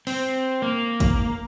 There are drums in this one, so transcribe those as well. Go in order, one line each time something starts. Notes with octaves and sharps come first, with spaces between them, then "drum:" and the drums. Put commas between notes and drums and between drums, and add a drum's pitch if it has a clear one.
C4, drum: open hi-hat
A#3
drum: kick G#1, hi-hat